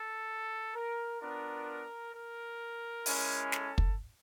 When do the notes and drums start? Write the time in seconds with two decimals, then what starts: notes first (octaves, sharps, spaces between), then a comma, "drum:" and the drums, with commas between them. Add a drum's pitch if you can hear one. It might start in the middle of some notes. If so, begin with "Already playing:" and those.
Already playing: A4
0.75 A#4
1.21 B3 D4 F4 A#4
2.14 A#4
3.06 G#3 C#4 E4, drum: open hi-hat
3.52 A4, drum: snare
3.78 drum: kick